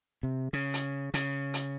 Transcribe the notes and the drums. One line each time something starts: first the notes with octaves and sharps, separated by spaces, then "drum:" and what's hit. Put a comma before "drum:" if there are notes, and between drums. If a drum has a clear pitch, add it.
C3
C#3
drum: hi-hat
C#3, drum: hi-hat
drum: hi-hat